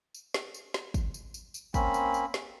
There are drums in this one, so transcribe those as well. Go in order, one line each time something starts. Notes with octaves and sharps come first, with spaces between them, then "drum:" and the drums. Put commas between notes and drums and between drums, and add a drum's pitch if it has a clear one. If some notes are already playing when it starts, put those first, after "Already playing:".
drum: tambourine
drum: snare
drum: tambourine
drum: snare
drum: kick, tambourine
drum: tambourine
drum: tambourine
drum: tambourine
A#3 C4 C#4 B5, drum: kick, tambourine
drum: tambourine
drum: tambourine
drum: snare